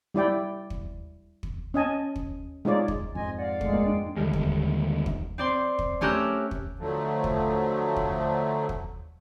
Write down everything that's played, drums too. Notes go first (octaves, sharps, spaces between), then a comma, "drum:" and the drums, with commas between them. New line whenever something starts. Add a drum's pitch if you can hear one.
G3 E4 D5 G5
drum: kick
drum: kick
C#4 D#5 G#5 A5
drum: kick
G#3 D#4 F4 C#5 D5
drum: kick
F2 G#2 D#5 G#5 C6
D5 F5 F#5
G#3 A3, drum: kick
A#3
D4 G5
D#2 D3 G3 G#3
drum: kick
drum: kick
C4 D5 C6
drum: kick
A3 C#4 G4 A#4 E6 F#6
drum: kick
D3 F3 F#3 A3
drum: kick
drum: kick
drum: kick